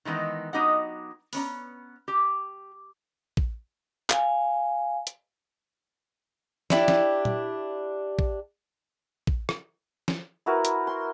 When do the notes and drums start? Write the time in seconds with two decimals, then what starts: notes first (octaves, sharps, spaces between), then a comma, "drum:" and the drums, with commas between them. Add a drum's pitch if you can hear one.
0.05 D#3 E3 G#3 B3 D#4
0.53 F#3 B3 D#4 G4 D#5 F#5
1.33 B3 C#4 A#5, drum: open hi-hat
2.08 G4
3.37 drum: kick
4.10 F5 G#5, drum: clap
5.07 drum: hi-hat
6.70 D4 E4 G4, drum: snare
6.88 drum: snare
7.25 drum: tom A#2
8.19 drum: kick
9.27 drum: kick
9.49 drum: rim click
10.08 drum: snare
10.46 E4 F#4 A#4 B4
10.65 drum: hi-hat
10.87 C6